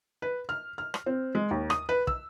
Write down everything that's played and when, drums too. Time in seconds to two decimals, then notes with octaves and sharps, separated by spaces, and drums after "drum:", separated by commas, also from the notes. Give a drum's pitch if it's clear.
0.22 B4
0.49 F6
0.78 F6
0.94 drum: rim click
1.06 C4
1.35 G#3
1.51 D#2
1.70 D#6, drum: rim click
1.89 B4
2.07 E6, drum: kick